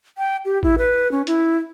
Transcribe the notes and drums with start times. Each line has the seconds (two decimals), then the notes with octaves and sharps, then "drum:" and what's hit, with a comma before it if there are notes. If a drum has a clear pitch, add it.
0.18 G5
0.45 G4
0.63 E4, drum: kick A1
0.78 B4
1.12 C#4
1.27 E4, drum: hi-hat